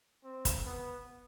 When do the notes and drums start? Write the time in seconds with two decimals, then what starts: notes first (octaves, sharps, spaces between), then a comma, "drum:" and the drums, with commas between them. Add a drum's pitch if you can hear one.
0.24 C4
0.45 drum: kick, hi-hat
0.66 B3